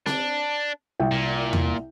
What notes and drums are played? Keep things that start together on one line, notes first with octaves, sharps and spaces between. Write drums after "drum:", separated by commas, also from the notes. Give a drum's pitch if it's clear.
D4, drum: snare C4
C2 E5 G5
A#2
drum: tom E2